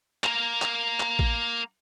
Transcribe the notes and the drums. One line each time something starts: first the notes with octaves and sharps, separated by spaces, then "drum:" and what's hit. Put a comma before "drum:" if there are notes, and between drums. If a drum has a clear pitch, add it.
A#3 A#4, drum: clap
drum: clap
drum: clap
drum: kick A1